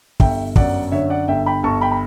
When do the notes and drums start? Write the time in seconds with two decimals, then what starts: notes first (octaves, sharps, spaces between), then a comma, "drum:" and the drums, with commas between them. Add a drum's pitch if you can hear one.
0.20 G1 E5 G5, drum: kick
0.56 F#2 D5 F#5, drum: kick
0.92 D3 C#5 E5
1.10 D5 F#5
1.28 G1 E5 G5
1.46 G5 B5
1.63 G1 A5 C#6
1.81 G5 B5
1.92 B5